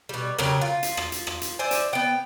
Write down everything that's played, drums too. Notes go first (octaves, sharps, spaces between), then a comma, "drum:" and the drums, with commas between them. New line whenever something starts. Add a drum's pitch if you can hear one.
B2 G3
C#3 F#3 G4 A#4, drum: rim click
F4
drum: hi-hat
drum: rim click
drum: hi-hat
drum: rim click
drum: hi-hat
C5 D5 E5 G#5
drum: hi-hat
B3 G5